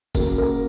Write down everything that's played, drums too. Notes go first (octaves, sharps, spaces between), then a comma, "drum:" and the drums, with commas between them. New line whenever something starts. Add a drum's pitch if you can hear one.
C#3 F#3 A#3 A#4, drum: kick, tambourine
A#4